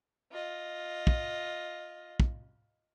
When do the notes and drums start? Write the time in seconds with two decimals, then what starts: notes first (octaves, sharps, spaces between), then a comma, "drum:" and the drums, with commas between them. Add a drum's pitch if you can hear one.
0.32 F4 D#5
1.07 drum: kick
2.20 drum: kick